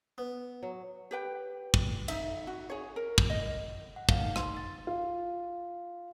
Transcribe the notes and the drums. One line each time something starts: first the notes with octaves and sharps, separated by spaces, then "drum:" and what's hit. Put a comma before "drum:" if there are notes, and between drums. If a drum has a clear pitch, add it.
B3
F#3
G4 B4 G5
drum: kick
D#4 E5, drum: cymbal
F#4
G#4 C#5
A#4
drum: kick
D#5
F#5
F5, drum: kick
D#4
C6, drum: rim click
A6
F4